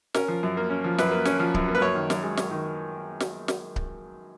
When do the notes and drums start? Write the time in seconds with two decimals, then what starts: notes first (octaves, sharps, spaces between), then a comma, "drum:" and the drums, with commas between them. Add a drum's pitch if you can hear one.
0.14 C#4 A#4, drum: snare
0.28 F3
0.43 F#2
0.57 A#3
0.70 C#4
0.84 F3
0.98 F#2 B4, drum: snare
1.12 A#3
1.25 C#4, drum: snare
1.40 F3
1.54 F#2, drum: kick C#1
1.68 A#3
1.75 B4
1.81 F#2 C#5
1.95 D#3
2.10 F#2, drum: snare
2.23 G#3
2.37 F#2, drum: snare
2.51 D#3
3.20 drum: snare
3.48 drum: snare
3.76 drum: kick C#1